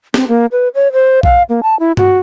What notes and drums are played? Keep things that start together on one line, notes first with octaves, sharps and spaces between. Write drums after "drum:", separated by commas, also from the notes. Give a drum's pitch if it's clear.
C4, drum: snare
A#3
B4
C#5
C5
F5, drum: kick A#1
A#3
A5
E4
F#4, drum: tom G2